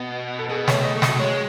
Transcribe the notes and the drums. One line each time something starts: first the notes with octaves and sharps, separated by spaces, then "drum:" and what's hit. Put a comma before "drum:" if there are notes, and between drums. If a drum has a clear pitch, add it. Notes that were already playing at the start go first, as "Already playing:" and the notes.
Already playing: B2
A4
B2 G#4
B3
A3 C#5, drum: snare
D#5
A3
D#5, drum: snare
F#3
G#3 C#5